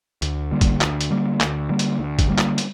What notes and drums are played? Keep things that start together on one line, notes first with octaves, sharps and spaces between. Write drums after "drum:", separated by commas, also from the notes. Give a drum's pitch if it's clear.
D2, drum: hi-hat
D3 G3 A#3
drum: kick, hi-hat
D2, drum: clap
drum: hi-hat
D3 G3 A#3
D2, drum: clap
D3 G3 A#3
drum: hi-hat
D2
drum: kick, hi-hat
D3 G3 A#3
drum: clap
drum: hi-hat